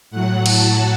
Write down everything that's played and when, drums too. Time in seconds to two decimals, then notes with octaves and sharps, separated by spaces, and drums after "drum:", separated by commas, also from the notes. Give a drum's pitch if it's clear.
0.11 A2 F#3 F#5
0.46 A5, drum: cymbal